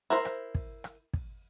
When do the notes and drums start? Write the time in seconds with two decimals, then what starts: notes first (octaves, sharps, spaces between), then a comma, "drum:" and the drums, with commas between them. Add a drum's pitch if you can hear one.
0.10 E4 A#4 C5
0.25 drum: rim click
0.55 drum: kick
0.84 drum: rim click
1.13 drum: kick